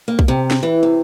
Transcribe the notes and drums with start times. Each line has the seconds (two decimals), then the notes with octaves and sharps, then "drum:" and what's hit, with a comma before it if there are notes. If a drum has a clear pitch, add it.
0.08 A#3
0.19 drum: kick B1
0.28 C3
0.51 drum: snare
0.63 E3
0.83 C3